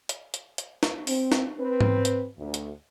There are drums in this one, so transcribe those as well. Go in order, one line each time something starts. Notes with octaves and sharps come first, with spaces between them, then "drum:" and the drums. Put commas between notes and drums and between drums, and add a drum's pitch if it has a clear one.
drum: hi-hat
drum: hi-hat
drum: hi-hat
drum: snare
C4, drum: open hi-hat
drum: snare
C4 B4
drum: tom G#2
drum: hi-hat
D2
drum: hi-hat